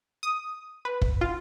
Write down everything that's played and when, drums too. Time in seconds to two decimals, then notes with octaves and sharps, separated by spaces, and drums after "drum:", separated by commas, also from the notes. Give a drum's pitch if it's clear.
0.23 D#6
0.85 B4
1.02 drum: kick
1.21 F4